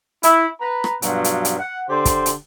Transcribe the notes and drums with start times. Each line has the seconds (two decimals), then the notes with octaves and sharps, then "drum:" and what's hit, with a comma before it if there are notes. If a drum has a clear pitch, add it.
0.23 E4, drum: hi-hat
0.60 B4 A#5
0.84 drum: rim click
1.02 G2 B2 F3 F#3, drum: hi-hat
1.24 drum: hi-hat
1.45 drum: hi-hat
1.59 F#5
1.89 D3 G4 C5
2.05 drum: kick, hi-hat
2.26 drum: hi-hat